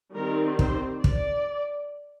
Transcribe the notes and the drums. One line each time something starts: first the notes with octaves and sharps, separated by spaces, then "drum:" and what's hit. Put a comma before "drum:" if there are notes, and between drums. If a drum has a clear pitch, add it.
D#3 G3 C4 A#4
C5, drum: kick
D5, drum: kick